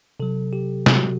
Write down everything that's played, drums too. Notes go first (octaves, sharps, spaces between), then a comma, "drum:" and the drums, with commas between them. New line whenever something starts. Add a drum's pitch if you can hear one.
C3 F#3 A4
G4
C3 F#3 F#4, drum: snare